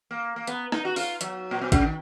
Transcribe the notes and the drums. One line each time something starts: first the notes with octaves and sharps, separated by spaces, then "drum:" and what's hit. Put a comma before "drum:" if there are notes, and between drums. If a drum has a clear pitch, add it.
A#3
A#3
B3, drum: hi-hat
D#4, drum: rim click
F#4
F4, drum: open hi-hat
F#3, drum: hi-hat
A#2
B2
C#3, drum: kick, hi-hat
D#3